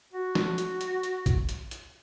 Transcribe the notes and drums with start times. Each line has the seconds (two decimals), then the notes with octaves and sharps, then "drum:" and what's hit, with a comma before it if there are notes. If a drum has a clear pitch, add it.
0.13 F#4
0.35 drum: snare
0.58 drum: hi-hat
0.81 drum: hi-hat
1.03 drum: hi-hat
1.26 drum: kick, hi-hat
1.49 drum: hi-hat
1.71 drum: hi-hat